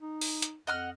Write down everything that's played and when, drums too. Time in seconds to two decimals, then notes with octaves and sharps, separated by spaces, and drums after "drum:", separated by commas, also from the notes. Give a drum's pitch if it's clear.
0.01 D#4
0.21 drum: open hi-hat
0.42 drum: hi-hat
0.67 F2 D#5 F#5 F6